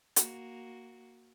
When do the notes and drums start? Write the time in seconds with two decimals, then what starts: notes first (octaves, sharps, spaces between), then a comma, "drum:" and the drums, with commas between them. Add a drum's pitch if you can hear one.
0.16 A#3 F#4, drum: hi-hat